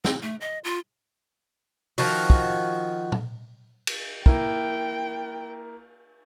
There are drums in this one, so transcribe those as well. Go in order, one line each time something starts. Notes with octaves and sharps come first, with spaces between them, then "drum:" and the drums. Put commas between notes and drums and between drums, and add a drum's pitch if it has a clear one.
C4, drum: snare
A3
D#5
F4
D#3 F3 F#4, drum: open hi-hat
drum: kick
drum: tom
drum: cymbal
A#3 E4 A#4 G5, drum: kick